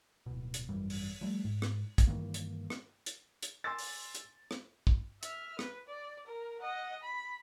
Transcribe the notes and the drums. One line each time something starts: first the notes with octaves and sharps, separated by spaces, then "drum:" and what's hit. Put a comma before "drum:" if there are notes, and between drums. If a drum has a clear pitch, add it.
D1 B2
drum: hi-hat
G#1 F#2 E3 G3
drum: open hi-hat
F3 G3 A3
G#2
drum: rim click
drum: kick, hi-hat
G2 D#3 E3 A#3
drum: hi-hat
drum: rim click
drum: hi-hat
drum: hi-hat
G#5 C6 D6 E6 A6
drum: open hi-hat
drum: hi-hat
drum: rim click
drum: kick
E5 F6, drum: hi-hat
B4, drum: rim click
D5
A#4
D#5 F#5
B5